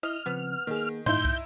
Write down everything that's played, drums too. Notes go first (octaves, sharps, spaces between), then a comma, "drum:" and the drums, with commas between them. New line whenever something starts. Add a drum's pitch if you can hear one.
E4 D#5 F6
C#3 F3 B3 C4
D#3 A#3 G#4
A2 D#4 E4 C6 G6, drum: tom G2
drum: kick